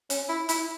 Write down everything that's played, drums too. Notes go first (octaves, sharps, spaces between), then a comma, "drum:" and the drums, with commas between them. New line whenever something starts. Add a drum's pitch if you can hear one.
C#4, drum: hi-hat
E4
E4, drum: hi-hat